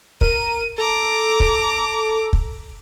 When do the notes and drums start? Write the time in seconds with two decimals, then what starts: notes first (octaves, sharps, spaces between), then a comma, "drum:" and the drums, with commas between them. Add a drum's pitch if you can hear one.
0.21 A#4 D#7, drum: kick
0.78 A4 A#5 D6
1.40 drum: kick
2.33 drum: kick